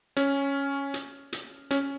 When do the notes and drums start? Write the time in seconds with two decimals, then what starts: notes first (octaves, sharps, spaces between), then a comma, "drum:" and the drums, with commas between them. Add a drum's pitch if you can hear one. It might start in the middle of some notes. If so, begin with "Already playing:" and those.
0.17 C#4, drum: hi-hat
0.94 drum: hi-hat
1.32 drum: hi-hat
1.71 C#4, drum: hi-hat